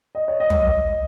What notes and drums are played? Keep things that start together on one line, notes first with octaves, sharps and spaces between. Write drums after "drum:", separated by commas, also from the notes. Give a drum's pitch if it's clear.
D#5
C#5
D#5
drum: tom